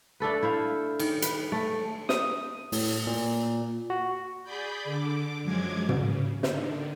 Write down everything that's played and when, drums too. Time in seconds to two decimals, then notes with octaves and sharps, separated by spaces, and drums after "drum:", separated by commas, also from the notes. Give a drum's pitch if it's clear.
0.20 A3 D4 A4 B4
0.43 E4 C5 F5
0.99 D#3, drum: cymbal
1.22 B4, drum: hi-hat
1.52 A3
2.09 D#6, drum: snare
2.72 A2, drum: open hi-hat
3.07 A#2
3.90 F#4
4.44 G#4 D5 B5 G6
4.84 D3 D6
5.43 F#2 F3 F#3 G#3 D6 G#6
5.89 C#3, drum: tom
6.43 D3 D#3, drum: snare